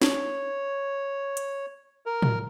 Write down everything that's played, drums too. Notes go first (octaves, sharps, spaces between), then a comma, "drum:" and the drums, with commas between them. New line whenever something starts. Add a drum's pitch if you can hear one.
C#5, drum: snare
drum: hi-hat
A#4
drum: tom A2